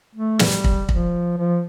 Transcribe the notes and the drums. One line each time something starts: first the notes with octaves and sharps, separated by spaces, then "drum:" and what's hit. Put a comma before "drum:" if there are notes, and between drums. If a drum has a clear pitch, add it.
A3
G3, drum: snare
drum: kick
F3, drum: kick
F3